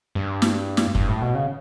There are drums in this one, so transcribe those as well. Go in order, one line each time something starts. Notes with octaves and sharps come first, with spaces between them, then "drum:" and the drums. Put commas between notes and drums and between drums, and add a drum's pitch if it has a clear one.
G2
drum: snare
drum: snare
G2, drum: kick
A2
B2
C#3